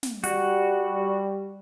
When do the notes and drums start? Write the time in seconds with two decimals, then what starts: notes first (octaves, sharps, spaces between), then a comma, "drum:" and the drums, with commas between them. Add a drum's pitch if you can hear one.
0.03 drum: snare
0.24 G3 F#4, drum: hi-hat